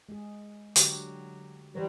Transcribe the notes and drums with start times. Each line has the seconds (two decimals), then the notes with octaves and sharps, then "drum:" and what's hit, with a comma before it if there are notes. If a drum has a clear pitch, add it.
0.09 G#3 G#4
0.76 D3 F#3 F#4 G4, drum: hi-hat
1.75 E3 F#3 G3 B4 C5